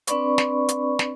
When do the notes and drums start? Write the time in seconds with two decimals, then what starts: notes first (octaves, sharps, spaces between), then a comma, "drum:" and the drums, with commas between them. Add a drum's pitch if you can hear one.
0.07 C4 D4 B4 D5 B5 C#6, drum: hi-hat
0.38 drum: snare
0.68 drum: hi-hat
0.99 drum: snare